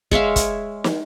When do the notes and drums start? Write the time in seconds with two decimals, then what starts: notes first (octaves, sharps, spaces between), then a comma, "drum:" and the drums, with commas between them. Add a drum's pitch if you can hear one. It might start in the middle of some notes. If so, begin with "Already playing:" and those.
0.11 G#3 C#5 E5 F5, drum: kick
0.36 drum: kick, hi-hat
0.84 drum: snare